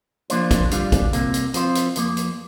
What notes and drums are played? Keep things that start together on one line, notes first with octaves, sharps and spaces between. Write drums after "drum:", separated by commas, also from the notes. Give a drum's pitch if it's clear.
F3 A#3 D4 F4 C5, drum: hi-hat
drum: kick, hi-hat
D3 G3 D4 F4, drum: hi-hat
drum: kick, hi-hat
C2 C3 A#3, drum: hi-hat
drum: hi-hat
F3 C4 F4 C5, drum: hi-hat
drum: hi-hat
F2 F3 A#3, drum: hi-hat
drum: hi-hat